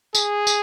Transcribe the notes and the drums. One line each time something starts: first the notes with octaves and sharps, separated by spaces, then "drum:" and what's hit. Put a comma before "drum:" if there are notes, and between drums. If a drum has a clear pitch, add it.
G#4, drum: tambourine
drum: tambourine